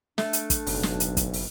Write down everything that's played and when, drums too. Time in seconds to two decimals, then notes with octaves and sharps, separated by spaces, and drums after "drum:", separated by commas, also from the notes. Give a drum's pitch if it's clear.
0.18 A3 D4, drum: snare
0.33 drum: hi-hat
0.50 drum: kick, hi-hat
0.67 F#1 B1, drum: open hi-hat
0.83 drum: snare
1.00 drum: hi-hat
1.17 drum: kick, hi-hat
1.33 drum: open hi-hat